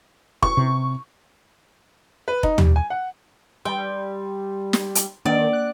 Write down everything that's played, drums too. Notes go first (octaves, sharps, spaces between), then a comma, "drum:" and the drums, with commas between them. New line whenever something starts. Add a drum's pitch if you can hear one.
C#6, drum: kick F1
C3
B4
D#4, drum: kick F1
G3, drum: tom
G#5
F#5
G3 G5 C6
drum: snare
drum: hi-hat
D#3 A#3 D5 D7
F#6